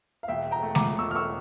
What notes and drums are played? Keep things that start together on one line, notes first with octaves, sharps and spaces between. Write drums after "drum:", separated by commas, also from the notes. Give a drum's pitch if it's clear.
F5
E1 E5 G5
G5 A#5
A3
A#5 D6, drum: snare G#3
E1 C#6 E6
F6
C#6 E6